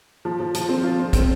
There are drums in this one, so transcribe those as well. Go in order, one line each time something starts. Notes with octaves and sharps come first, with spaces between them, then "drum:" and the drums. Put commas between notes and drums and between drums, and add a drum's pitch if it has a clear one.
F3
F3
F3, drum: hi-hat
C4
F4
C4
C4, drum: kick, hi-hat